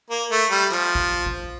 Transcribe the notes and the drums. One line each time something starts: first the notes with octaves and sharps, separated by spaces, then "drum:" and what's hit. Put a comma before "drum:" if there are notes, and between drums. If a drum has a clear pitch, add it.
A#3
A3
G3
F3, drum: clap
drum: kick
drum: kick